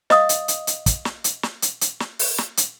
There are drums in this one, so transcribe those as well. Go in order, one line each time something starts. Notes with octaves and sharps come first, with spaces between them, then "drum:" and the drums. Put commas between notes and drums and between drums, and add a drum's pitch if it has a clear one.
D#5 F5 D#6, drum: snare
drum: hi-hat
drum: hi-hat
drum: hi-hat
drum: kick, hi-hat
drum: snare
drum: hi-hat
drum: snare
drum: hi-hat
drum: hi-hat
drum: snare
drum: open hi-hat
drum: snare
drum: hi-hat